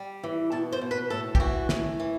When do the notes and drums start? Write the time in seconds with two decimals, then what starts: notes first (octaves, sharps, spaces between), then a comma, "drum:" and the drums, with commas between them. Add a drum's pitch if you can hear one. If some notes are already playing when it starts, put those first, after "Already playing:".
Already playing: G3
0.24 E3
0.52 B2 A5
0.72 C5
0.81 B2
0.91 B4
1.10 A2 A4
1.35 G4, drum: kick
1.40 E3 F#4
1.69 A2, drum: snare
2.00 E3